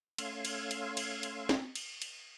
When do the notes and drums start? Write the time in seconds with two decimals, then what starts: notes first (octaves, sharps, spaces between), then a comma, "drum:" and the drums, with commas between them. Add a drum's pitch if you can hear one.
0.18 A3 C#4 F5 C6 E6 G#6, drum: cymbal
0.45 drum: cymbal
0.71 drum: cymbal
0.97 drum: cymbal
1.23 drum: cymbal
1.49 drum: snare
1.75 drum: cymbal
2.02 drum: cymbal